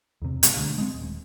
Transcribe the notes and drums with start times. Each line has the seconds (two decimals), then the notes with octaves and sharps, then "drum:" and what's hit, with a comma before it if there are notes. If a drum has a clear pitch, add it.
0.22 E2 C3
0.43 B2 G3 A#3, drum: hi-hat
0.57 D2
0.78 G#3 C4
0.94 D#1